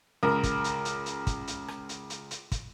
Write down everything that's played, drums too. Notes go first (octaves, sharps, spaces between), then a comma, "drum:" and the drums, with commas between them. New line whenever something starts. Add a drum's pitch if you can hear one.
C#2 A#4
drum: kick, hi-hat
drum: hi-hat
drum: hi-hat
drum: hi-hat
drum: kick, hi-hat
drum: hi-hat
drum: rim click
drum: hi-hat
drum: hi-hat
drum: hi-hat
drum: kick, hi-hat